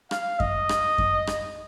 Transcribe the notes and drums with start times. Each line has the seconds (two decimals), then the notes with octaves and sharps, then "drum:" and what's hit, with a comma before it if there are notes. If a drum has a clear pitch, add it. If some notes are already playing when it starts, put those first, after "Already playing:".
0.11 F5, drum: rim click
0.40 D#5, drum: kick F#2
0.69 drum: rim click
0.98 drum: kick F#2
1.27 drum: rim click